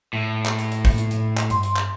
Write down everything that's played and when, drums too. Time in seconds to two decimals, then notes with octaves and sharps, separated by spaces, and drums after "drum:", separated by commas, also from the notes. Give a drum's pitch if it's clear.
0.13 A2
0.45 drum: clap
0.59 drum: hi-hat
0.72 drum: hi-hat
0.85 drum: kick, open hi-hat
0.98 drum: hi-hat
1.11 drum: hi-hat
1.37 drum: clap
1.50 G2 C6, drum: hi-hat
1.63 drum: hi-hat
1.76 drum: clap